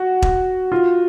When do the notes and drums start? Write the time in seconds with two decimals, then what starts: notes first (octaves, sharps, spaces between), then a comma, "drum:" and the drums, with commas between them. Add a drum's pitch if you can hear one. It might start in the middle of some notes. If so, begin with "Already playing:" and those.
Already playing: F#4
0.22 drum: kick E1
0.72 F4